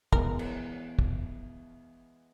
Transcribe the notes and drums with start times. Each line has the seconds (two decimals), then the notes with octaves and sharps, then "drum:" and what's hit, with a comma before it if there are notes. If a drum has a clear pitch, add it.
0.13 E3 G#3 B3 A#4, drum: kick
0.39 drum: cymbal
0.99 drum: kick